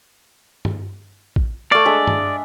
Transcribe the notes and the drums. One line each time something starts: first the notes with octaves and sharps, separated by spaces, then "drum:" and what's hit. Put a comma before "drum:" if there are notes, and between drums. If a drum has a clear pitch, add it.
drum: tom G2
drum: kick
A3 D5 F5
G#3 D4 E5
drum: tom G2